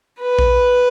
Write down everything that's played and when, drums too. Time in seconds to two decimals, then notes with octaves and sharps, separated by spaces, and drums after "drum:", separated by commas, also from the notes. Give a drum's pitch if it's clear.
0.21 B4
0.39 drum: kick A#1